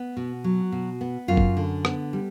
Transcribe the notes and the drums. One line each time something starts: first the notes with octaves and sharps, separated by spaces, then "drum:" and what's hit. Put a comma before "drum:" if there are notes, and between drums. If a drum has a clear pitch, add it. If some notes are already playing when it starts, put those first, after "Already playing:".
Already playing: B3
B2
F#3
B2
B3
F#2 F4
drum: kick
D3
B3, drum: rim click
G3